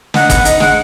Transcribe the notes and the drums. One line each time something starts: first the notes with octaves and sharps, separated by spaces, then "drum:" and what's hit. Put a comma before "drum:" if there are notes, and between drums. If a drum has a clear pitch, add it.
D#3 F#5, drum: snare
B3, drum: kick, hi-hat
D#4, drum: hi-hat
G#3 F#5, drum: snare